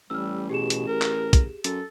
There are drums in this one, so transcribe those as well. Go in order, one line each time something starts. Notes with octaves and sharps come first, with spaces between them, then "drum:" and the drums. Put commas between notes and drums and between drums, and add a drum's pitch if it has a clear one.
A1 G3 E6 F6
B2 G4 G#4 E7
drum: hi-hat
A#4
drum: clap
drum: kick, hi-hat
F#2 A4, drum: hi-hat